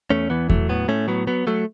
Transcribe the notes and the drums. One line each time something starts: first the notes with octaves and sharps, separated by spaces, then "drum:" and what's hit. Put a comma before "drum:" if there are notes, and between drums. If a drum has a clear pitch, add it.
E2 A3 C#4
E3 B3
F#3 A3, drum: kick E2
A2 B3
A2 A3 C#4
F#3 B3
F#3 B3
F#3 A3